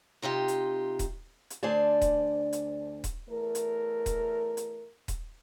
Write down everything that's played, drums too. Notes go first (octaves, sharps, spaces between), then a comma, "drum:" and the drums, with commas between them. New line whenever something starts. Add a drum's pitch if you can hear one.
C3 D#4 F4 G4
drum: hi-hat
drum: kick D#1, hi-hat
drum: hi-hat
D2 D4 C5 D5 G#5 A5
drum: kick D#1, hi-hat
drum: hi-hat
drum: kick D#1, hi-hat
E2 A3 A#4
drum: hi-hat
drum: kick D#1, hi-hat
drum: hi-hat
drum: kick D#1, hi-hat